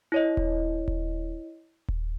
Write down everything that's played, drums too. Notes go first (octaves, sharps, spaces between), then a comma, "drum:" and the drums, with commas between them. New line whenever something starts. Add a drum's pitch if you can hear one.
E4 C#5 D#5
drum: kick D#1
drum: kick D#1
drum: kick D#1